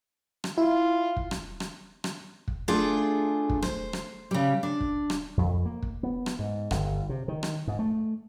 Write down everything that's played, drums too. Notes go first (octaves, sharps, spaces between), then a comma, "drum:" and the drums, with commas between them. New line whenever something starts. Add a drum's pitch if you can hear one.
drum: rim click
E4 F4
drum: kick
drum: rim click
drum: rim click
drum: rim click
drum: kick
A3 D4 F4 G#4
drum: kick
C5, drum: rim click
drum: rim click
C#3 G3
D4
drum: kick
drum: rim click
F2
A#3
drum: kick
B3
drum: rim click
G#2
G1, drum: rim click
C3
D#3
drum: rim click
G#2
A3